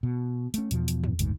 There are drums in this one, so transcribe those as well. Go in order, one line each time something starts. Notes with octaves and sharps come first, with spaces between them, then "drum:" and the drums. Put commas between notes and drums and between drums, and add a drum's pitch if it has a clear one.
B2
A3 C#4, drum: hi-hat
E2 B2 F3, drum: hi-hat
drum: hi-hat
drum: tom
F#1 D2 G#2, drum: hi-hat